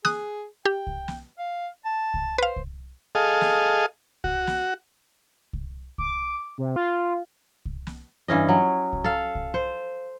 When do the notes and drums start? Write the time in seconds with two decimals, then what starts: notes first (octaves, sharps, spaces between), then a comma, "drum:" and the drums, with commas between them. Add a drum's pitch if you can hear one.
0.05 G#4 D#6 F#6, drum: snare
0.65 G4 G5
0.87 drum: kick C2
1.08 drum: snare
1.39 F5
1.85 A5
2.14 drum: kick C2
2.38 B4 C5 F5
2.56 drum: kick C2
3.15 G#4 A4 D#5 F5
3.41 drum: snare
4.24 F#4, drum: kick C2
4.47 drum: snare
5.53 drum: kick C2
5.98 D6, drum: kick C2
6.58 C3
6.76 F4
7.65 drum: kick C2
7.87 drum: snare
8.28 G2 E3 C#4 D#5
8.49 F#3
8.93 drum: kick C2
9.04 A4 F5
9.35 drum: kick C2
9.54 C5